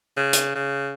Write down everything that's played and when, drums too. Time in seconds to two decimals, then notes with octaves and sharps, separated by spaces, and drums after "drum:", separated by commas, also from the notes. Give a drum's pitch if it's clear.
0.17 C#3
0.33 drum: hi-hat
0.55 C#3